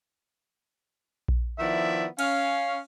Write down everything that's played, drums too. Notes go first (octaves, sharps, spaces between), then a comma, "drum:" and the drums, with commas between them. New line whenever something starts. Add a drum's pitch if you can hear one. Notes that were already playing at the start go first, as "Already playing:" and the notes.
drum: kick A#1
D#3 F3 B3 E4 D5 E5
C#4 F5, drum: cymbal